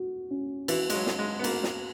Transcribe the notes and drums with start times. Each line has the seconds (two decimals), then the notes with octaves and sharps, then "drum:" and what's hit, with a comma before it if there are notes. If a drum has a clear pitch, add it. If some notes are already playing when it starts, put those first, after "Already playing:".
Already playing: F#4
0.31 C#4
0.68 E3 F#4, drum: cymbal
0.90 G#3, drum: cymbal
0.94 F#3
1.06 F#4, drum: snare
1.19 G#3
1.39 B3
1.44 A#3 F#4, drum: cymbal
1.63 drum: snare